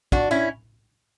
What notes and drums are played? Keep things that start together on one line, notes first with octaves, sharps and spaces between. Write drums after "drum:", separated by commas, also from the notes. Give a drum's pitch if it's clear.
D4 F#4, drum: kick
C#4 E4